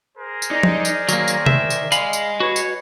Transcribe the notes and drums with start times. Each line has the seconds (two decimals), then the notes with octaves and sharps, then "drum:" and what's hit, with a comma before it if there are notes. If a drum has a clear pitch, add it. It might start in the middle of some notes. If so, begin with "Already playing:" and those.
0.17 G#4 A#4 C5
0.42 drum: tambourine
0.51 D#4 D5 D#5
0.63 drum: tom F3
0.85 drum: tambourine
1.09 D#3 F#3 A#3, drum: tambourine
1.28 drum: tambourine
1.46 E5, drum: tom C3
1.70 drum: tambourine
1.92 D#5 F5 G#5 B5, drum: tambourine
2.13 drum: tambourine
2.40 F#4 B4 C#5
2.56 drum: tambourine